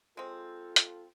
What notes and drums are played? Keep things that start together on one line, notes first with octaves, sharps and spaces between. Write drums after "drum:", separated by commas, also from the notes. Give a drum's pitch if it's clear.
G#3 C4 F4 A4
drum: hi-hat